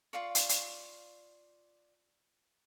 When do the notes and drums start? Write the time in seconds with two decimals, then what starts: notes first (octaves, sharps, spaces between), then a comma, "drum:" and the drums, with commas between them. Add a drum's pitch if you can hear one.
0.13 F4 D5 F5 C#6
0.35 drum: hi-hat
0.49 drum: hi-hat